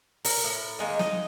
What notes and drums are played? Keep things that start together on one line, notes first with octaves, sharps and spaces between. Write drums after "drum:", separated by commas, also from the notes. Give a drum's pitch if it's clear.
A#4, drum: open hi-hat
A2
D#3 G#3 A#3
D#4, drum: snare